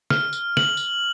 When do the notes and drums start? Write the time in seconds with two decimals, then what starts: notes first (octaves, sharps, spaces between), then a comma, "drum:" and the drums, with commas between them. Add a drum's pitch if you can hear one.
0.10 F6, drum: snare
0.33 drum: tambourine
0.57 F#7, drum: snare
0.77 drum: tambourine